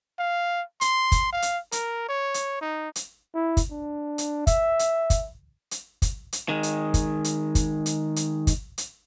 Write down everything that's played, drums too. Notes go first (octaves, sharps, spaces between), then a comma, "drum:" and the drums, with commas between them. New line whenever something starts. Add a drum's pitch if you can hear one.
F5
C6, drum: hi-hat
drum: kick, hi-hat
F5
drum: hi-hat
A#4, drum: hi-hat
C#5
drum: hi-hat
D#4
drum: hi-hat
E4
drum: kick, hi-hat
D4
drum: hi-hat
E5, drum: kick, hi-hat
drum: hi-hat
drum: kick, hi-hat
drum: hi-hat
drum: kick, hi-hat
drum: hi-hat
D#3 G#3
drum: hi-hat
drum: kick, hi-hat
drum: hi-hat
drum: kick, hi-hat
drum: hi-hat
drum: hi-hat
drum: kick, hi-hat
drum: hi-hat